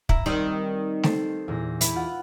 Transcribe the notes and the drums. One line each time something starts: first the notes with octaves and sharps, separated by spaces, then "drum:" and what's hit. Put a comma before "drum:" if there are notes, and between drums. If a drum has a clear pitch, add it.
E4 A#5 E6, drum: kick
D#3 G3 C4 D#4
G4 A4 C5, drum: snare
E2 A#2 A#6
E4 B4, drum: hi-hat
F4 F#5